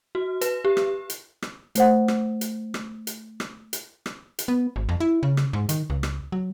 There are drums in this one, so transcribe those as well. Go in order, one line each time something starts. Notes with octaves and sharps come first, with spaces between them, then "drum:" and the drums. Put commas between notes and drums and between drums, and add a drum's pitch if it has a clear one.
F#4
B4, drum: hi-hat
G4
drum: rim click
drum: hi-hat
drum: rim click
A3 C5 F#5, drum: hi-hat
drum: rim click
drum: hi-hat
drum: rim click
drum: hi-hat
drum: rim click
drum: hi-hat
drum: rim click
drum: hi-hat
B3
G#1
F2
E4
C#3
drum: rim click
G#2
D#3, drum: hi-hat
C#2
drum: rim click
F#3